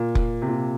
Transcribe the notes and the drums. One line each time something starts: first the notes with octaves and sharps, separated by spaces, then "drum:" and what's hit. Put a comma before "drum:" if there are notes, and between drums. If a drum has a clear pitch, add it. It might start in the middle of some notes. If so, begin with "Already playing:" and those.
Already playing: A#2
drum: kick F1
C3
A#2